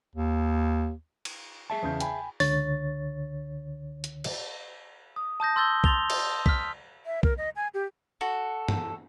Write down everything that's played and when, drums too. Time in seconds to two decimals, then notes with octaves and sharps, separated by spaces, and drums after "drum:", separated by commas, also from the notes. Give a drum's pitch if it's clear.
0.15 D#2
1.25 drum: cymbal
1.70 G#4 E5 A5
1.83 E2 C#3 G6
2.00 G5 G#5 B5, drum: hi-hat
2.40 C#2 D3 C#5 A6, drum: open hi-hat
4.04 drum: hi-hat
4.24 drum: cymbal
5.16 D#6
5.40 A5 D#6 G6 A#6
5.56 C6 E6 G6 A6 G7
5.84 C6 A6 F7 G7, drum: kick B1
6.10 drum: cymbal
6.46 F6 B6, drum: kick B1
7.06 E5
7.23 A#4, drum: kick B1
7.38 D#5
7.56 G#5
7.74 G4
8.21 F#4 A4
8.68 drum: tom